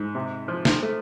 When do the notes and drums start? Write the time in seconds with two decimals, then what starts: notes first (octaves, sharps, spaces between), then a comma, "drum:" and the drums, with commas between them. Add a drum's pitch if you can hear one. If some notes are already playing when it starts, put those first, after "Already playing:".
Already playing: G#2
0.15 C3
0.48 F3
0.65 drum: snare
0.82 A3